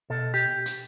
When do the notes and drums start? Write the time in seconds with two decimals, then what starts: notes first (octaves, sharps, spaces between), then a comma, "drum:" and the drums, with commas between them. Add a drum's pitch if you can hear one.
0.10 B2 A4
0.34 G4
0.66 drum: hi-hat